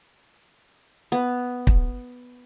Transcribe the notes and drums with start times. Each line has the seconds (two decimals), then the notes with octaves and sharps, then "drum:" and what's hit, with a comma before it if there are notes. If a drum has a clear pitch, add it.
1.12 B3
1.67 drum: kick